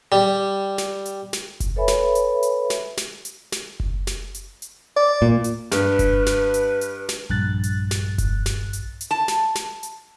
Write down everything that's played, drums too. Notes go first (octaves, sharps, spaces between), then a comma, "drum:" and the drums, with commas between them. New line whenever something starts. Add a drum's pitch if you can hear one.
G3
drum: snare
drum: hi-hat
drum: snare
drum: kick F#1, hi-hat
A4 B4 C#5 E5 G#5 B5
drum: snare
drum: hi-hat
drum: hi-hat
drum: snare
drum: snare
drum: hi-hat
drum: snare
drum: kick F#1
drum: snare
drum: hi-hat
drum: hi-hat
D5
A#2
drum: hi-hat
G2 B4, drum: snare
drum: kick F#1, hi-hat
drum: snare
drum: hi-hat
drum: hi-hat
drum: snare
A#1 G2 F#6 A6
drum: hi-hat
drum: snare
drum: kick F#1, hi-hat
drum: snare
drum: hi-hat
drum: hi-hat
A5
drum: snare
drum: snare
drum: hi-hat